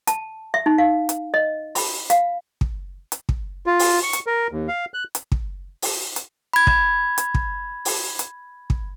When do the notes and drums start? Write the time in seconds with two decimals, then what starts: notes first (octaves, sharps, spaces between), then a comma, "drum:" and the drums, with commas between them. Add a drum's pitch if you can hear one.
0.07 A5, drum: hi-hat
0.54 E5
0.66 D#4
0.78 F5
1.09 drum: hi-hat
1.34 D#5
1.75 B5, drum: open hi-hat
2.10 F5, drum: hi-hat
2.61 drum: kick
3.12 drum: hi-hat
3.29 drum: kick
3.66 F4
3.79 drum: open hi-hat
4.03 C#6
4.13 drum: hi-hat
4.27 A#4
4.52 D#2
4.68 F5
4.94 F#6
5.15 drum: hi-hat
5.32 drum: kick
5.82 drum: open hi-hat
6.16 drum: hi-hat
6.53 B5 G#6
6.67 drum: kick
7.18 drum: hi-hat
7.35 drum: kick
7.85 drum: open hi-hat
8.19 drum: hi-hat
8.70 drum: kick